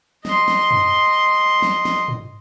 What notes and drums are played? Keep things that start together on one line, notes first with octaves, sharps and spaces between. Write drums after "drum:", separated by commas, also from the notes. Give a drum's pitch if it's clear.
D#5 C6, drum: snare
drum: snare
drum: tom
drum: snare
drum: snare
drum: tom